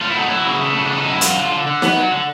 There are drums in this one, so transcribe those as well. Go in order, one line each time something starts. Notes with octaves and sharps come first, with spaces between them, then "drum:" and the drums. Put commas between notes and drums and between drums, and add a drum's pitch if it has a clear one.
A3 F4
E4
F#3 D#4
F#3 E4
C#3
A3
C#3
D4
A3
D#4
F#2 E4
F#3 F4, drum: hi-hat
D3
D3
D3
B3, drum: snare
F#3
D3